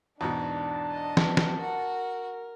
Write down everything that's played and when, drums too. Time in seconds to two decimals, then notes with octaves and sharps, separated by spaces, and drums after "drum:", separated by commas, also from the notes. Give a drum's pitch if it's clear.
0.21 E2 G#2 B2 D4 A5
0.91 D#5
1.17 drum: snare
1.37 drum: snare
1.57 F#4 A#4 F#5